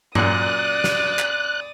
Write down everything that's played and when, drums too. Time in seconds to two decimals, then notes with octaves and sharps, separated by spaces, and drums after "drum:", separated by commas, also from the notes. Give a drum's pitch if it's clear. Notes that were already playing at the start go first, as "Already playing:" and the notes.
0.15 F#2 A#2 D5 D#6 F#6, drum: tom G2
0.84 drum: snare
1.19 drum: clap